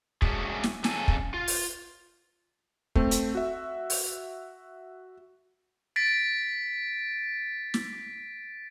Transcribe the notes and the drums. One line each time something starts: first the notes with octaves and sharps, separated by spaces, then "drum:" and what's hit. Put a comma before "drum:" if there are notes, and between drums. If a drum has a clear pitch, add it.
G#3 A3 C#4 D4 F#4 G#4, drum: kick
drum: snare
F2 C#3 A4 G#5, drum: snare
drum: kick
F4
drum: open hi-hat
A3 C4, drum: kick
drum: hi-hat
F#4 E5
drum: open hi-hat
A6 B6 D7
drum: snare